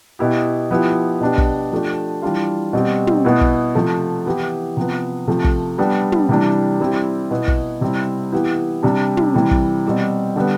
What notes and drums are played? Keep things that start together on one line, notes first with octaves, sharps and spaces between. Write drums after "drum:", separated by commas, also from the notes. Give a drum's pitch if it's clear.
B2 B3 E4 G4
F3 B3 E4 G4
B2 B3 D4 G4
drum: kick
F3 A3 D4 G4
E3 G3 D4 F4
B2 G3 C4 G4
drum: tom
B2 B3 E4
drum: kick
C3 F3 A3
E3 B3 E4 G4
C3 F3 B3
C3 F3 A3
drum: kick
G3 B3 D4
drum: tom
C3 E3 G3 D4
G3 C4 E4 G4
B2 B3 E4
drum: kick
C3 G3 C4 E4
E3 B3 E4 G4
C3 G3 D4
drum: tom
C3 E3 G3
drum: kick
B2 G3 C4 G4
D3 G3 B3